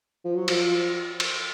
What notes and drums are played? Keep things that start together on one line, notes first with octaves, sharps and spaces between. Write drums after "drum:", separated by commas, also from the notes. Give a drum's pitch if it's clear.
F3
F#3
F3, drum: cymbal
drum: cymbal